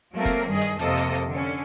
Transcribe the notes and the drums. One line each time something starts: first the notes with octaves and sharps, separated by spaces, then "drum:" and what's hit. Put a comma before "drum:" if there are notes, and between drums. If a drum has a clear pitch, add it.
F#3 A3 A#3 C4 A#4
drum: kick, hi-hat
G2 D#3 G3 G#4 D#5
drum: hi-hat
F2 C3 A#3 A4 D#5, drum: hi-hat
drum: hi-hat
drum: hi-hat
D3 C#4